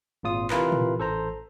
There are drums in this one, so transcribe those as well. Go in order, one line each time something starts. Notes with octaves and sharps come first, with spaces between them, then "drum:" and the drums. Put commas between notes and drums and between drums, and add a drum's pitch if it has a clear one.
G#1 A#2 F4 D#6
C3 E3 F4 A#4 B4, drum: clap
drum: tom A#2
A1 A4 C5 A#5